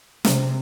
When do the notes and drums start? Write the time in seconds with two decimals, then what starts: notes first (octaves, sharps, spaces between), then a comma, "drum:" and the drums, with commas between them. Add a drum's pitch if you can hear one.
0.25 C3, drum: snare